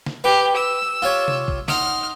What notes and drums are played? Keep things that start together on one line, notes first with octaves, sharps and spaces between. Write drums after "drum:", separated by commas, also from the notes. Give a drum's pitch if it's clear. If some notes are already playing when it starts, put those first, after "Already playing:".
drum: snare
G4 B4
E6
F4 G4 C#5
drum: tom C3
drum: kick A#1
D#4 F#5 C6 F6, drum: snare